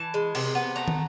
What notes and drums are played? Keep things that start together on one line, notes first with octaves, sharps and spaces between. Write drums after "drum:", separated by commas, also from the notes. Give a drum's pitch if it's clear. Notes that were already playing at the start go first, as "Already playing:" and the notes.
Already playing: E3 A5
G#3
C3, drum: cymbal
B3
A3 A#5
drum: tom